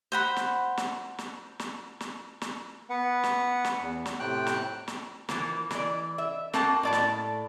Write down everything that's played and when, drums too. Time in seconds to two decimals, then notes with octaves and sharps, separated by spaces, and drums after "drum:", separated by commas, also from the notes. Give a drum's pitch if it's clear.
0.12 C5 F#5 B5
0.36 drum: snare
0.77 drum: snare
1.18 drum: snare
1.59 drum: snare
2.00 drum: snare
2.41 drum: snare
2.90 B3 B4 F#5
3.24 drum: snare
3.65 drum: snare
3.80 E2
4.06 drum: snare
4.19 A2 C3 G5 F#6
4.47 drum: snare
4.88 drum: snare
5.29 E3 F3 A#3, drum: snare
5.71 E3 D5, drum: snare
6.18 E5
6.53 A#3 C4 F#4 A5, drum: snare
6.83 A2 D5 A5
6.93 drum: snare